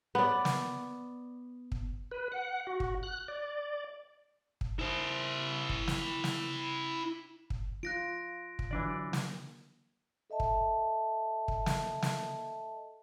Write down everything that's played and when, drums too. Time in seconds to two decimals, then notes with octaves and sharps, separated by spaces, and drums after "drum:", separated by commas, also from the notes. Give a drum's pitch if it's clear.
0.15 B3 D5
0.45 drum: snare
1.72 drum: kick
2.11 B4
2.32 F#5
2.67 F#4
2.80 drum: kick
3.03 F#6
3.28 D5
4.61 drum: kick
4.79 E4 C5
5.69 drum: kick
5.88 drum: snare
6.24 drum: snare
7.50 drum: kick
7.83 F4 F#6 A#6 D7
8.59 drum: kick
8.71 D3 E3 F#3 D4 D5
9.13 drum: snare
10.30 A4 D#5 E5 A5
10.40 drum: kick
11.48 drum: kick
11.66 drum: snare
12.02 drum: snare